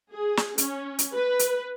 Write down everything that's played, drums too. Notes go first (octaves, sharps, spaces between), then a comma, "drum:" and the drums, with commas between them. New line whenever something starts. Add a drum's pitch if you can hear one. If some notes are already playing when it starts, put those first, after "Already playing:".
G#4
drum: snare
C#4, drum: hi-hat
drum: hi-hat
B4
drum: hi-hat